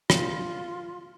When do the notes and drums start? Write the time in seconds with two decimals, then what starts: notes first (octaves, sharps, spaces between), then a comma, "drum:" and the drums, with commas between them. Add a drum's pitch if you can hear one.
0.10 F4, drum: rim click